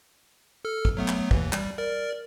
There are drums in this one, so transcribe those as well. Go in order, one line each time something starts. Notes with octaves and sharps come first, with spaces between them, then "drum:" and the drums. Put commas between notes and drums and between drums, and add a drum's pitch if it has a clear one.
A4 F6
drum: kick
F#3 A3 B3
drum: clap
D#2 E3, drum: kick
G3, drum: clap
A#4 D5